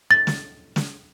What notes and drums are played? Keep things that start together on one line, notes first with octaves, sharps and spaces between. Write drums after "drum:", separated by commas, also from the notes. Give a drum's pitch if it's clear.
A6
drum: snare
drum: snare